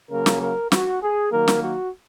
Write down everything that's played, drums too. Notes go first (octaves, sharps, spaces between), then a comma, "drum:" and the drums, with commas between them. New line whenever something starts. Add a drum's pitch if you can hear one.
C#3 F#3 A#3 A#4
drum: snare
A#4
F#4, drum: snare
G#4
D#3 F#3 A#3 A#4
drum: snare
F#4